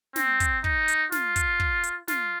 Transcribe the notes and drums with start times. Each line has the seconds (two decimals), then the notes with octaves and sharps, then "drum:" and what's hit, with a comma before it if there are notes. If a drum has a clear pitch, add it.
0.16 C4, drum: snare
0.40 drum: kick, hi-hat
0.64 D#4, drum: kick
0.88 drum: hi-hat
1.12 F4, drum: snare
1.36 drum: kick, hi-hat
1.60 drum: kick
1.83 drum: hi-hat
2.08 F4, drum: snare